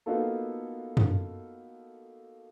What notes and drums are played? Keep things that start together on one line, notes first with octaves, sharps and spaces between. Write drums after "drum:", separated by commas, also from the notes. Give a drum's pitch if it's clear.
A#3 B3 D#4 F4 F#4 A4
drum: tom F#2